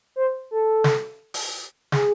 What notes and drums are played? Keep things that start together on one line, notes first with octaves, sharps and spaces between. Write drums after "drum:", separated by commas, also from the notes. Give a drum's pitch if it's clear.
C5
A4
drum: snare
drum: open hi-hat
G#4, drum: snare